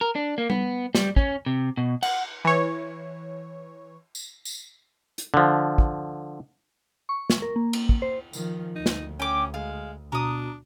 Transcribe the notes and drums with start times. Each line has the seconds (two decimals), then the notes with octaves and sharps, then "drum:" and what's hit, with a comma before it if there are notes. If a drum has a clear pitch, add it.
0.01 A#4
0.15 D4
0.38 A#3
0.50 B3, drum: tom G3
0.95 G3, drum: snare
1.16 C#4, drum: kick
1.46 C3
1.77 B2
2.03 F#5, drum: cymbal
2.45 E3 C#5
4.15 drum: tambourine
4.45 drum: tambourine
5.18 drum: hi-hat
5.34 D3 F3
5.78 drum: kick
7.09 C#6
7.30 drum: snare
7.42 A#4
7.56 A#3
7.73 drum: cymbal
7.89 drum: kick
8.02 C5
8.33 D#3 F3, drum: tambourine
8.76 D2 D#4
8.86 drum: snare
9.20 C#4 G5 D6
9.54 G#3 F5
10.12 B2 D4 A#5 D#6